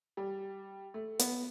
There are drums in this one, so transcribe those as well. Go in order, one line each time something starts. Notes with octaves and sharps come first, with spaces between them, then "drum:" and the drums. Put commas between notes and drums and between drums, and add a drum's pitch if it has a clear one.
G3
A3
B3, drum: hi-hat